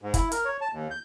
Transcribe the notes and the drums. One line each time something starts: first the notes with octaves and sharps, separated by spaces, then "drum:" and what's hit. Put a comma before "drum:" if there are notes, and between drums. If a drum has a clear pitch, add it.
G#2
E4, drum: kick, hi-hat
A#4, drum: hi-hat
C#5
A5
D#2
G6